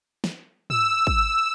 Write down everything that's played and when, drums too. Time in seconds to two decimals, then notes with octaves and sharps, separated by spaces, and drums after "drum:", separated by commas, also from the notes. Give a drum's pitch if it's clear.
0.24 drum: snare
0.70 E6, drum: tom G#2
1.07 drum: kick